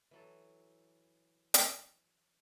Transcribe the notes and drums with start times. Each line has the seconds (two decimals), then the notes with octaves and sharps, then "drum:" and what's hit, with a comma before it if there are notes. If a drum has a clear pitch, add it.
0.11 E3 F#3 A4
1.54 drum: hi-hat